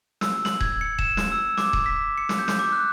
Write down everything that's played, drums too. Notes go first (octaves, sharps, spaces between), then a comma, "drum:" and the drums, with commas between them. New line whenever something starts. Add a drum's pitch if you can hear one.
E6, drum: snare
F#7, drum: snare
G#6, drum: kick D#1
C#7
E7, drum: kick D#1
drum: snare
E6
D6, drum: snare
drum: kick D#1
B6
C#7
drum: snare
G6
drum: snare
D6
F#6